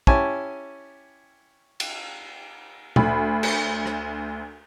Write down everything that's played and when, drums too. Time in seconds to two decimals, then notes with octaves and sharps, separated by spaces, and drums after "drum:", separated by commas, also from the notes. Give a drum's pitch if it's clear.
0.07 C#4 E4 G4 G#5 A5 C#6, drum: kick
1.80 drum: cymbal
2.96 D2 B5, drum: tom A#2
3.43 drum: cymbal
3.86 drum: rim click